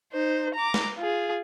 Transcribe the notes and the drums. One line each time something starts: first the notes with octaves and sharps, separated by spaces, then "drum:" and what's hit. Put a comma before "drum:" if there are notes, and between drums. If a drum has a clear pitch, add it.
D#4 C5
A#5 D6
drum: snare
F4 G#4